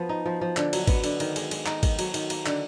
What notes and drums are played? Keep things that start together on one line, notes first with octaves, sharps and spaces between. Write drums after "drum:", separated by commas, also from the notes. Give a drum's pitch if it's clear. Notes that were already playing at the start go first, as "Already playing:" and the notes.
Already playing: F3 B3
D#4
F3
F3
D3, drum: clap
F#3, drum: cymbal
B3, drum: kick G#1, cymbal
D3, drum: cymbal
D#3, drum: cymbal
G#3, drum: cymbal
G#3, drum: cymbal
D#4, drum: clap
D#3, drum: kick G#1, cymbal
F#3, drum: cymbal
D#3, drum: cymbal
A#3, drum: cymbal
D3, drum: clap